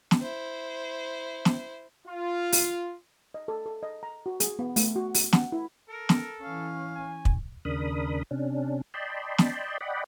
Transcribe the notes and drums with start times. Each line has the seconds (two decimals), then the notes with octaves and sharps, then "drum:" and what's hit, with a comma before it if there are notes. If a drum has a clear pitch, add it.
0.11 drum: snare
0.21 E4 C5
1.45 drum: snare
2.07 F4
2.52 drum: open hi-hat
3.34 D#5
3.48 A4
3.66 A4
3.83 D#5
4.03 A#5
4.26 F#4
4.40 G#4, drum: hi-hat
4.59 B3
4.76 A3, drum: open hi-hat
4.96 F#4
5.14 drum: open hi-hat
5.33 F#5, drum: snare
5.52 E4
5.89 A4 A#4
6.09 drum: snare
6.43 E3 C#4 F5
6.95 G#5
7.25 drum: kick
7.65 D#2 C#3 D4 A#4 B5 D#6
8.31 C3 C#4 D4
8.94 D5 D#5 G5 A5 B5 C6
9.38 drum: snare
9.81 D5 D#5 F#5 G5 B5